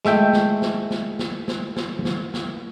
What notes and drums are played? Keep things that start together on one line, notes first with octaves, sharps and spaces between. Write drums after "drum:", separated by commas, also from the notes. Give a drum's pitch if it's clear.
G#3 A3 E5 G5, drum: snare
drum: snare
drum: snare
drum: snare
drum: snare
drum: snare
drum: snare
drum: snare
drum: snare